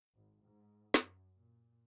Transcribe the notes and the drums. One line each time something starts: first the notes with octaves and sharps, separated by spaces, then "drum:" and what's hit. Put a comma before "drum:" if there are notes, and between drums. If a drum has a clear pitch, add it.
G#1
G#2
F#2, drum: snare
A#2